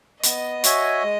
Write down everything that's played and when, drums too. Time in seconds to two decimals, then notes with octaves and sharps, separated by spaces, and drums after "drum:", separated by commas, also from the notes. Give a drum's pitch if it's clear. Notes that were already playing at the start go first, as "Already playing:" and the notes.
0.23 B3 D#5, drum: hi-hat
0.64 F#4 C#5 E5 G#5, drum: hi-hat
1.03 G#3